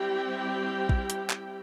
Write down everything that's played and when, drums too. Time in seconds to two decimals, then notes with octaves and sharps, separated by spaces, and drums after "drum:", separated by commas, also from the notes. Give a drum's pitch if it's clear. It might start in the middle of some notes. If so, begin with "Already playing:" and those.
Already playing: G3 C4 E4 G4 G5
0.89 drum: kick
1.10 drum: hi-hat
1.30 drum: clap